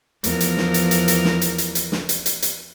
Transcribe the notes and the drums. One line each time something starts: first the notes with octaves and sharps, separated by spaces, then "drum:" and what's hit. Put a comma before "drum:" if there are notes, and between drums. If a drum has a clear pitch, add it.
E2 F3 A#4, drum: hi-hat
drum: hi-hat
drum: snare
drum: hi-hat
drum: hi-hat
drum: hi-hat
drum: snare
drum: hi-hat
drum: hi-hat
drum: hi-hat
drum: snare
drum: hi-hat
drum: hi-hat
drum: hi-hat